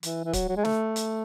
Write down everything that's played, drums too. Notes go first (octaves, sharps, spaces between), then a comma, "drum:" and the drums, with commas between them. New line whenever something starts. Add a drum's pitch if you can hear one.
E3, drum: hi-hat
E3
F#3, drum: kick C#1, hi-hat
F#3
G#3
A3, drum: snare
drum: hi-hat